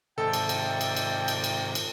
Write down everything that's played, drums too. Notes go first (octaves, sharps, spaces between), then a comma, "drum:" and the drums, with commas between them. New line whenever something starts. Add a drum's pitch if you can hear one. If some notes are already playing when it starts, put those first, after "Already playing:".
G#2 C3 D#3 A4 D5 E5 G5
drum: cymbal
drum: cymbal
drum: cymbal
drum: cymbal
drum: cymbal
drum: cymbal
drum: cymbal